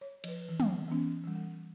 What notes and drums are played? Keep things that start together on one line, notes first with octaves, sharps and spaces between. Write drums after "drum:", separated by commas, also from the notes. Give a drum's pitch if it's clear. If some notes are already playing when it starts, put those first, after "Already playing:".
C#5
F3 B4, drum: cymbal
E3
drum: tom
E3 B3 C#4
E3 G3
G3